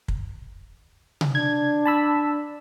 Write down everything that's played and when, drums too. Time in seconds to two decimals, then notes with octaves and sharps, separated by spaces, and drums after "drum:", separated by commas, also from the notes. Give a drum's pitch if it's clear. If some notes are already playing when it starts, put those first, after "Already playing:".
0.08 drum: kick
1.21 drum: tom C3
1.35 D4 G#6
1.86 A5 B5 E6